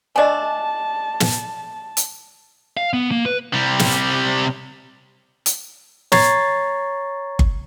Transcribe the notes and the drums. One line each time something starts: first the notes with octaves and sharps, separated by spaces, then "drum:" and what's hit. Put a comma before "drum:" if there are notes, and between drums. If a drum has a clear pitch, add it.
A3 D4 D#5 G#5 A5
drum: snare
drum: hi-hat
F5
B3
A#3
B4
C3 G3
drum: snare
drum: hi-hat
C#5 A#5 C#6 G#6 A6 C7, drum: snare
drum: kick G1